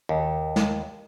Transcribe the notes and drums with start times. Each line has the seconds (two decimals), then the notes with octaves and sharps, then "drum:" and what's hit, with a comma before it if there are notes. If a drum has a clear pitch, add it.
0.09 D#2
0.56 drum: snare